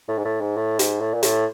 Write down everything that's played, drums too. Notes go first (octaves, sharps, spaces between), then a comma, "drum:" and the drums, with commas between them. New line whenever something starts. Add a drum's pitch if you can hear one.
A2
G#2
A2
G#2
A2
G#2, drum: hi-hat
A2
A#2
A2, drum: hi-hat